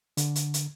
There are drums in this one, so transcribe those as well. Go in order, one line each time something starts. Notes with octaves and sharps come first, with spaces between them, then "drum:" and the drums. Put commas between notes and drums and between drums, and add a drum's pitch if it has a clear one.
D3, drum: hi-hat
drum: hi-hat
drum: hi-hat